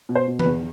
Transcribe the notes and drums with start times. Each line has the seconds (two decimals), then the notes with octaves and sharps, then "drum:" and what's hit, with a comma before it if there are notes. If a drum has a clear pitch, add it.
0.09 B2
0.15 C5
0.28 B2
0.39 B4, drum: tom E3
0.46 E2